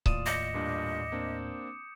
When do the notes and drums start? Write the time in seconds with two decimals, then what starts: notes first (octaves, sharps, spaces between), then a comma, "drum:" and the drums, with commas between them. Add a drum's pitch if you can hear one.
0.06 D#2 A2 F4 D5 D#6 D#7 E7, drum: kick C#1
0.26 D#5 D6 G6 C#7
0.54 G2 A#2 D4
1.12 A#3 C4 D4